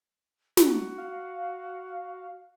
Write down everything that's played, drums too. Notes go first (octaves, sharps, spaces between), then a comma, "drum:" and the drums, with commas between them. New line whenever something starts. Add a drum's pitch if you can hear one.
F#4, drum: snare
F5